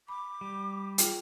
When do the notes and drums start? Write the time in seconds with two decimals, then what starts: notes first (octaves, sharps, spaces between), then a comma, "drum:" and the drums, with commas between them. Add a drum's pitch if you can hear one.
0.08 B5 D6
0.41 G3
0.98 F4 G#4 G5, drum: hi-hat